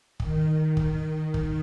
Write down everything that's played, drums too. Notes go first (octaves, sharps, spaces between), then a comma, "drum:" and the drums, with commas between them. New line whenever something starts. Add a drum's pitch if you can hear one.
D#3, drum: kick
drum: kick
D#3
drum: kick